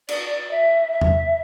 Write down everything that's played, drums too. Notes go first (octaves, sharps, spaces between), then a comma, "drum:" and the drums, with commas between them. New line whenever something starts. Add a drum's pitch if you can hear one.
D5, drum: cymbal
D5
E5
E5
drum: tom E2